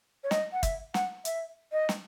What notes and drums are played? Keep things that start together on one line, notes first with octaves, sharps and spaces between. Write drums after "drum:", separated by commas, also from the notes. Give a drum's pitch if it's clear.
C#5
D#5, drum: snare
F#5
E5, drum: kick, hi-hat
F#5, drum: snare
E5, drum: hi-hat
D#5
drum: snare